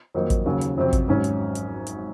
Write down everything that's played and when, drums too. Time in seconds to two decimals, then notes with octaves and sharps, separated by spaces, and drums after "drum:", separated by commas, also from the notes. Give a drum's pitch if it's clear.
0.14 F2 D#3 F#3 A#3 D#4
0.30 drum: kick, hi-hat
0.46 D#2 C#3 F#3
0.61 drum: hi-hat
0.77 F2 C3 F#3 C4
0.93 drum: kick, hi-hat
1.08 G#1 G#2 F#3 C#4
1.24 drum: hi-hat
1.55 drum: hi-hat
1.87 drum: hi-hat